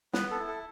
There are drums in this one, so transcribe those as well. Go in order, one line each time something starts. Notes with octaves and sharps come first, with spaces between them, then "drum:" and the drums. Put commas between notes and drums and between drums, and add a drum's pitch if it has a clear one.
B3 B4, drum: snare
A4
E4
A4